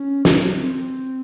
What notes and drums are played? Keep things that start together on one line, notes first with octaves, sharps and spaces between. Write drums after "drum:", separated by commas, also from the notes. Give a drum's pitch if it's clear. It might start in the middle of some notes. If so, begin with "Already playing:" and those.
Already playing: C#4
C4, drum: snare
C4